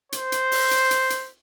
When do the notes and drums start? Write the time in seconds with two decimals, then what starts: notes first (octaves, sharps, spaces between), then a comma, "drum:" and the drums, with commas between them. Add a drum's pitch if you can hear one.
0.12 C5, drum: hi-hat
0.32 drum: hi-hat
0.52 drum: open hi-hat
0.71 drum: hi-hat
0.91 drum: hi-hat
1.10 drum: hi-hat